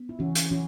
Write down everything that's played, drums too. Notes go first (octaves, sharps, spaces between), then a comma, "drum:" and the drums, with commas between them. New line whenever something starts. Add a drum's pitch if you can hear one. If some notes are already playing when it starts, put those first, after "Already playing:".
Already playing: B3
E4
E3 C#4 F#4
drum: hi-hat
E3 C#4 F#4